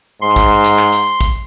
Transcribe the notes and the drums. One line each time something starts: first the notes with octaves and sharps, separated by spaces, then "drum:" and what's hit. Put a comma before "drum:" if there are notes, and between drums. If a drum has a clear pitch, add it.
G#2 C6
drum: kick, hi-hat
drum: hi-hat
drum: clap
drum: hi-hat
drum: kick, hi-hat